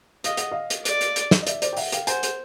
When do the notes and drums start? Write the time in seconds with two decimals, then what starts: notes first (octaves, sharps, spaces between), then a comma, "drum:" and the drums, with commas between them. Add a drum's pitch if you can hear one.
0.24 D#5 F5, drum: hi-hat
0.37 F#5, drum: hi-hat
0.52 D#5 F5
0.70 drum: hi-hat
0.85 D5, drum: hi-hat
1.01 drum: hi-hat
1.16 drum: hi-hat
1.31 drum: snare
1.42 D#5
1.47 D5 E5, drum: hi-hat
1.62 C5 D5, drum: hi-hat
1.73 G5
1.77 E5 F#5, drum: open hi-hat
1.92 F5 G5, drum: hi-hat
2.07 C5 F#5 G#5, drum: hi-hat
2.23 drum: hi-hat